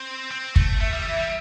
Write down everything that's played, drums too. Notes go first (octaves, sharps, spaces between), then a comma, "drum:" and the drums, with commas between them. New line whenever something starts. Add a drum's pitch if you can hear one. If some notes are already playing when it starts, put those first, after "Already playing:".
Already playing: C4
C4
A3, drum: kick
A3 E5
G3
E3
G3